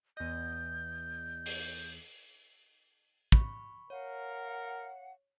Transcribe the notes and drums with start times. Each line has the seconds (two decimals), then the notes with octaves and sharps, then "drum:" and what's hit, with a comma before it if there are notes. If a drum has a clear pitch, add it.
0.17 E2 D#5 G6
1.46 drum: open hi-hat
3.32 B5 C#6, drum: kick
3.90 A#4 C#5 F5 F#5